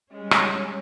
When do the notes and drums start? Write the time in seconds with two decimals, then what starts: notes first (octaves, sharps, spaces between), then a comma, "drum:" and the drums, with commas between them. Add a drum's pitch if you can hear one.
0.12 G3 G#3 C#4
0.31 drum: rim click